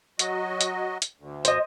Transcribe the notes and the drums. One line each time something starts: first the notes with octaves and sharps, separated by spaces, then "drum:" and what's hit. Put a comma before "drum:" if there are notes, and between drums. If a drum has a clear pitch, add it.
F#3 F#4 D#5, drum: hi-hat
drum: hi-hat
drum: hi-hat
D2
C5 D#5, drum: hi-hat